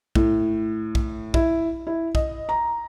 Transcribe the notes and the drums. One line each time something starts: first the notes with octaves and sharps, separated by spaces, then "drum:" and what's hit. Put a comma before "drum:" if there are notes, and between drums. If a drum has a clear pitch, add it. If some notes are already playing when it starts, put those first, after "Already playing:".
A2, drum: kick
drum: kick
E4, drum: kick
E4
D#5, drum: kick
A#5